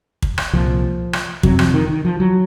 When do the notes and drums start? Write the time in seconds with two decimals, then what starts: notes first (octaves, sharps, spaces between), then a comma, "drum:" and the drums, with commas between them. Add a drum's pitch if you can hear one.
0.22 drum: kick
0.38 drum: rim click
0.53 C2 A#2 F3
1.13 drum: rim click
1.43 F2 C3 F#3, drum: kick
1.59 F3, drum: rim click
1.74 D#3
1.89 D#3
2.05 F3
2.20 F#3